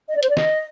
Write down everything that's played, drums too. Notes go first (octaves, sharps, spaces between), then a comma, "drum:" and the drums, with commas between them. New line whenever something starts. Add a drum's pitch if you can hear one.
D#5
D5
C5, drum: hi-hat
D5
D#5, drum: snare